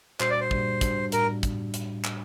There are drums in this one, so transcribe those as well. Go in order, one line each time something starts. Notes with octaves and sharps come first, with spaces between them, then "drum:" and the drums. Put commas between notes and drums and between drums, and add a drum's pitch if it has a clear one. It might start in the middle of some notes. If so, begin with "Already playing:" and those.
A#2 G3 D4 F#4 C5, drum: clap
D5
C5
A#2 G3 D4 F#4, drum: kick
A2 G3 D4 F#4, drum: kick, hi-hat
A2 G3 D4 F#4 A#4, drum: hi-hat
drum: kick, hi-hat
drum: hi-hat
drum: clap